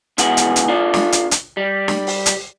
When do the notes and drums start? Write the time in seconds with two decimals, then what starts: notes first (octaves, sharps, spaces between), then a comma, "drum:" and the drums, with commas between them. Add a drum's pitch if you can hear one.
0.18 C#2 B2 E3 G#4 F#5, drum: hi-hat
0.37 drum: hi-hat
0.56 drum: hi-hat
0.68 D4 F4 A4 D5
0.94 drum: snare
1.12 drum: hi-hat
1.31 drum: hi-hat
1.57 G3
1.88 drum: snare
2.07 drum: open hi-hat
2.26 drum: hi-hat